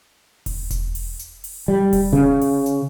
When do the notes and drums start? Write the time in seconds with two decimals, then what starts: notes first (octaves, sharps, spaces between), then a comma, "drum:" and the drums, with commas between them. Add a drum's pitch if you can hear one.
0.46 drum: kick E1, open hi-hat
0.70 drum: kick E1, hi-hat
0.95 drum: open hi-hat
1.19 drum: hi-hat
1.44 drum: open hi-hat
1.68 G3
1.93 drum: kick E1, open hi-hat
2.13 C#3
2.41 drum: open hi-hat
2.66 drum: hi-hat